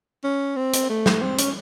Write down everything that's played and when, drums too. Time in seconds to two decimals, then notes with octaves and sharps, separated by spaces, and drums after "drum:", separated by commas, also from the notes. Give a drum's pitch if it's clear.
0.24 C#4
0.56 C4
0.73 drum: hi-hat
0.90 A3
1.06 drum: snare
1.22 C4
1.38 C#4, drum: hi-hat